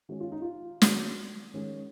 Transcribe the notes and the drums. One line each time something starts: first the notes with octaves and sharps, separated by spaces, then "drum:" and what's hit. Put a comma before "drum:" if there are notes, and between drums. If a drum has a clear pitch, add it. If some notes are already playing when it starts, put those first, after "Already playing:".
D#3 G#3 C#4 F#4
F4
D#4
F4
D#3 G#3 C#4 F#4, drum: snare
D#3 G#3 C#4